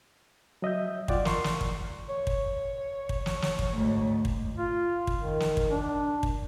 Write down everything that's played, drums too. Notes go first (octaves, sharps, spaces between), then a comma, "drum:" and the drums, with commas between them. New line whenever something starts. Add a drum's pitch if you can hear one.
F#3 D#5 E5 G6
F4 D5 F#5 G5, drum: kick
A#4 C6 C#6, drum: snare
drum: snare
drum: kick
C#5
drum: kick
drum: kick
drum: snare
drum: snare
drum: kick
D2 G#2
drum: kick
F4
drum: kick
D#3
drum: snare
drum: kick
D4
drum: kick